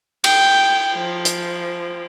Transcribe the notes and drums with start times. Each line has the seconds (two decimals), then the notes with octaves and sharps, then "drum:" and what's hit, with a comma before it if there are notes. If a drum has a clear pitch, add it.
0.24 G5, drum: cymbal
0.94 F3
1.25 drum: hi-hat